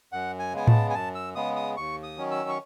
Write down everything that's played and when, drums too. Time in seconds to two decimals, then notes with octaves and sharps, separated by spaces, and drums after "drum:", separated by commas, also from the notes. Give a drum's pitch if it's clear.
0.12 F#2 F#5
0.39 G#5
0.53 C#3 G#3 B3 G#5
0.67 A5, drum: tom A2
0.90 G#5
0.94 F#2 A5
1.15 E6
1.35 C#3 G#3 B3 D#6
1.56 D#6
1.77 D#2 C#6
2.03 D#6
2.17 D#3 F#3 C#4
2.31 E6
2.49 C#6